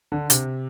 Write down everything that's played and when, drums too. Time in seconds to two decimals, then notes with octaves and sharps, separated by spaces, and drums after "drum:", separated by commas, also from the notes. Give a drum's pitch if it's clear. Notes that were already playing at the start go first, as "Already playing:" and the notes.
0.12 D3
0.30 C3, drum: hi-hat